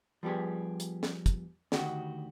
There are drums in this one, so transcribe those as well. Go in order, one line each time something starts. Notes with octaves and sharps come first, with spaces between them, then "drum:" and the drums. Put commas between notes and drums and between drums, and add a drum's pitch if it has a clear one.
F3 G3 B3 G4 G#4
drum: hi-hat
drum: snare
drum: kick, hi-hat
D2 D#3 F#4 G4, drum: snare